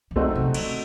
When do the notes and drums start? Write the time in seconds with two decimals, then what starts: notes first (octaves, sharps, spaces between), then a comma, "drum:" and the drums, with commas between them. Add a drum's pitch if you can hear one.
0.11 D#3
0.16 D3 F#3 A3 C4 D#4 F#4, drum: kick A1
0.35 C3
0.54 D3, drum: cymbal